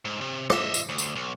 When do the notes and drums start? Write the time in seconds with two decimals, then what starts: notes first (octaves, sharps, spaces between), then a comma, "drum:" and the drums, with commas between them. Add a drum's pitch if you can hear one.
0.05 G#2
0.21 C3
0.50 D#5 E5, drum: rim click
0.74 drum: tambourine
0.89 D2
0.98 drum: tambourine
1.16 B1